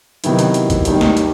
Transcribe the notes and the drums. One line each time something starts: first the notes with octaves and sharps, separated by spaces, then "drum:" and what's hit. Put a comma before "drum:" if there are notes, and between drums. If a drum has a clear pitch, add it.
C3 D#3 F#3 B3 E4, drum: hi-hat
drum: hi-hat
drum: hi-hat
drum: kick G#1, hi-hat
D#2 D#3 G3 D#4, drum: hi-hat
drum: snare
drum: hi-hat